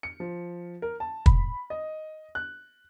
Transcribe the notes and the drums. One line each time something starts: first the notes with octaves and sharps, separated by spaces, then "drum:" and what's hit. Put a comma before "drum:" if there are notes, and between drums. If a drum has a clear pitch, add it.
C#7
F3
A#4
A5
B5, drum: kick
D#5
F#6